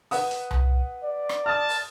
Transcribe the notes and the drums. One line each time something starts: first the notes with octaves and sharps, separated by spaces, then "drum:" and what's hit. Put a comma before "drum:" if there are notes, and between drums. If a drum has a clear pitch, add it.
B4 F#5 D#6, drum: open hi-hat
drum: hi-hat
drum: tom C2
D5
drum: rim click
A5 D#6 F6
drum: open hi-hat